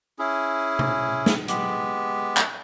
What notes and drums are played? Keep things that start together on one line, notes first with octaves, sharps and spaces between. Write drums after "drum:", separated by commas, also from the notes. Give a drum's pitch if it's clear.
C#4 E4 G#4
drum: tom C3
drum: snare
G#3 B3 G4, drum: hi-hat
drum: clap